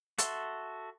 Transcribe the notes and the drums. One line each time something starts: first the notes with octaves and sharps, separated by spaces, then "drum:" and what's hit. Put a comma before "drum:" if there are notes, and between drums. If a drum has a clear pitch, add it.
F#4 A4 E5 C6, drum: hi-hat